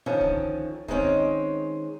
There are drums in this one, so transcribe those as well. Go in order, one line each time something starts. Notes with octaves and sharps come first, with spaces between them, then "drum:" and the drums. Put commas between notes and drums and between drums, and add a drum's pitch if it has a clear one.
D3 D#3 F3 C#4
drum: kick
D#3 G#3 C4 C#4, drum: kick